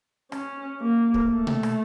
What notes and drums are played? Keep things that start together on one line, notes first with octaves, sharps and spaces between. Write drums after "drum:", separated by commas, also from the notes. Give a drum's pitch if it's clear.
C#4, drum: rim click
A#3
drum: kick
A3
drum: tom B2
drum: rim click